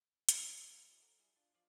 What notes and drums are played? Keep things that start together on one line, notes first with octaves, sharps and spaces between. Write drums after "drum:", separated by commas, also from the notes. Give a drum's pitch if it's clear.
drum: hi-hat
G1 F2 A#3 G#4 B4
E4 F#4 G#4 C5 D5 E5
A4 C5 F#5 A#5
G3 E4 G#4
D4 F4
F3 F4 D5